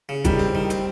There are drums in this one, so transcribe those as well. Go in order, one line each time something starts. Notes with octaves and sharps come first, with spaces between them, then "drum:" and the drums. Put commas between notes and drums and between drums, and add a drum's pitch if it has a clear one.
C#3
D#3 G3, drum: kick, hi-hat
C4
D#3
C4, drum: hi-hat